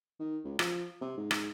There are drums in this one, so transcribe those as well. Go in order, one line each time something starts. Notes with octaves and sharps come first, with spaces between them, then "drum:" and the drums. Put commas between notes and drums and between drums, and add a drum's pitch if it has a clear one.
D#3
C#2
F3, drum: rim click
C3
G#2
drum: rim click